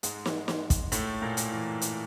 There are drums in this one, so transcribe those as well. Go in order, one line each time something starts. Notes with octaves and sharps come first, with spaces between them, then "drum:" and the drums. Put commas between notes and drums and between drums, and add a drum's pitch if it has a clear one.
G#2 G#3, drum: hi-hat
drum: snare
drum: snare
drum: kick, hi-hat
A2 A3, drum: hi-hat
A#2 A#3
drum: hi-hat
E3
drum: hi-hat